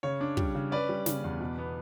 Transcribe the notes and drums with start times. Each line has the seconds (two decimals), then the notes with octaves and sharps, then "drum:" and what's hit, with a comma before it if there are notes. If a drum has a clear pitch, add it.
0.03 C#3 C#5
0.21 D4
0.37 G3, drum: kick
0.55 C#3
0.71 C#4 B4 D5
0.89 G3
1.06 C#3, drum: snare
1.24 E2
1.40 B2
1.58 B3